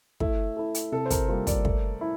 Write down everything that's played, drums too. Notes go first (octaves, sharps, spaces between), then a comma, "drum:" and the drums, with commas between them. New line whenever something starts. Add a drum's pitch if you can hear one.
A3 E4, drum: kick
E4 A4
drum: hi-hat
C3 A4
C5
A#4, drum: kick, hi-hat
G3 A#3 F4 C5
D5, drum: kick, hi-hat
A3, drum: kick
E4